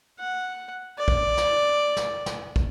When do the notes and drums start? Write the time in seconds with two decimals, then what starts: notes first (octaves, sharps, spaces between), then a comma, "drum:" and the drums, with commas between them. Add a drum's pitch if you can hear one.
0.19 F#5
0.98 D5
1.08 drum: kick
1.37 drum: snare
1.97 drum: snare
2.26 drum: snare
2.56 drum: kick